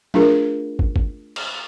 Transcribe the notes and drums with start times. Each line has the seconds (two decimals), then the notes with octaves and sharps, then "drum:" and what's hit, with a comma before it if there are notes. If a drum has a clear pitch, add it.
0.14 A3 D4 F4 G#4 A#4, drum: tom F3
0.79 drum: kick
0.96 drum: kick
1.36 drum: cymbal